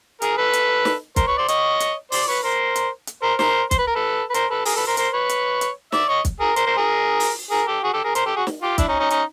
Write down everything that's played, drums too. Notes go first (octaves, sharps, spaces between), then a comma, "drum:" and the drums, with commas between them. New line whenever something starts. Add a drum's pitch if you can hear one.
G#4 A#4, drum: hi-hat
A4 B4
drum: hi-hat
drum: snare
A#4 C5, drum: kick, hi-hat
B4 C#5
C5 D5
C#5 D#5, drum: hi-hat
drum: hi-hat
C5 D5, drum: open hi-hat
B4 C#5
A#4 C5
drum: hi-hat
drum: hi-hat
A#4 C5
A#4 C5, drum: snare
C5, drum: kick, hi-hat
B4
A#4
A4 B4
B4
A#4 C5, drum: hi-hat
A4 B4
G#4 A#4, drum: open hi-hat
A4 B4
A#4 C5
A#4 C5, drum: hi-hat
B4 C#5
drum: hi-hat
drum: hi-hat
D5 E5, drum: snare
C#5 D#5
drum: kick, hi-hat
G#4 A#4
A#4 C5, drum: hi-hat
A#4 C5
G#4 A#4
drum: open hi-hat
G#4 A#4
G4 A4
F#4 G#4
G4 A4
G#4 A#4
A#4 C5, drum: hi-hat
G4 A4
F#4 G#4
drum: snare
F4 G4
D4 E4, drum: kick, hi-hat
C#4 D#4
C#4 D#4
C#4 D#4, drum: hi-hat